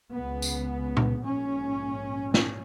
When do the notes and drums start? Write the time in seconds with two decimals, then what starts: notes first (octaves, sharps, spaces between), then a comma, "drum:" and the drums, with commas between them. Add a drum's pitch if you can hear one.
0.12 C#2 C#3 B3
0.42 drum: tambourine
0.97 drum: tom A#2
1.23 A#1 G#2 C#4
2.34 C#4, drum: snare